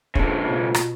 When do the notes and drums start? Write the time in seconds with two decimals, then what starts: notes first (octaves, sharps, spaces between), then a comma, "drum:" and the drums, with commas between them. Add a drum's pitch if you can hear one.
0.15 A2 C#3 D4 F4, drum: kick
0.48 B2 F4
0.74 drum: rim click